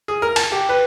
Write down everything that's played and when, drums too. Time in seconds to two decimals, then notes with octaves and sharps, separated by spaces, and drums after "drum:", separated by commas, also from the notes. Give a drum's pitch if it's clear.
0.08 G#4
0.22 A#4
0.36 A5, drum: cymbal
0.52 G4
0.69 B4